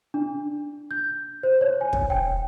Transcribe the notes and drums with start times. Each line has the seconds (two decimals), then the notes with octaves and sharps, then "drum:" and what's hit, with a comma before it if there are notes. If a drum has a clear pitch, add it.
0.14 D4
0.91 G6
1.43 C5
1.61 C#5
1.81 G#5
1.93 drum: kick
2.10 G5